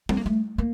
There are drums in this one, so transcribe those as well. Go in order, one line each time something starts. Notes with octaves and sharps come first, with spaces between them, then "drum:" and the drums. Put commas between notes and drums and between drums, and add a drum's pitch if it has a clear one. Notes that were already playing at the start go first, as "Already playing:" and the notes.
C4, drum: tom G3
A#3
A3
A#3